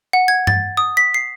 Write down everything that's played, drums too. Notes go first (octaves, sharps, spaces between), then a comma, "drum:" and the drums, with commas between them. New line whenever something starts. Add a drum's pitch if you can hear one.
F#5
G#6
A6, drum: tom G2
D#6
B6
C7